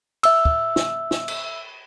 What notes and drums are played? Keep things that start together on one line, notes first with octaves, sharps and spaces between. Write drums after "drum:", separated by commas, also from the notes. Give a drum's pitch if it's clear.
E5 E6, drum: cymbal
drum: kick
drum: snare
drum: snare
drum: cymbal